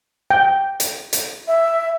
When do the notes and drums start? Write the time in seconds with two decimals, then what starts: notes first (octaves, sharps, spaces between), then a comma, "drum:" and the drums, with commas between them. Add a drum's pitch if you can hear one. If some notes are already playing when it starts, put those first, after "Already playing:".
0.30 G5
0.80 drum: hi-hat
1.13 drum: hi-hat
1.47 E5